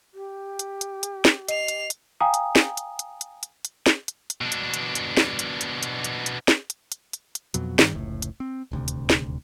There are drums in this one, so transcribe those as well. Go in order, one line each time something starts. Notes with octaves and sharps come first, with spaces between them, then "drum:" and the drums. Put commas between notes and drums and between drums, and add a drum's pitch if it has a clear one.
G4
drum: hi-hat
drum: hi-hat
drum: hi-hat
drum: snare
D#5 C7 F7, drum: hi-hat
drum: hi-hat
drum: hi-hat
F5 G5 G#5 A#5 D#6
drum: hi-hat
drum: snare
drum: hi-hat
drum: hi-hat
drum: hi-hat
drum: hi-hat
drum: hi-hat
drum: snare
drum: hi-hat
drum: hi-hat
B2 D4
drum: hi-hat
drum: hi-hat
drum: hi-hat
drum: snare
drum: hi-hat
drum: hi-hat
drum: hi-hat
drum: hi-hat
drum: hi-hat
drum: snare
drum: hi-hat
drum: hi-hat
drum: hi-hat
drum: hi-hat
F2 B2 F#3, drum: hi-hat
G2 D#3 F#3 G3, drum: snare
F1 C#2 A2
drum: hi-hat
C4
D#1 D2 C3
drum: hi-hat
drum: snare